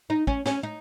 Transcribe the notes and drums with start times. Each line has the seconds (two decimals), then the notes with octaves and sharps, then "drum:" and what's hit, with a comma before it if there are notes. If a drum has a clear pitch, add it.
0.10 D#4
0.27 C#4, drum: kick
0.46 C#4, drum: snare
0.63 D#4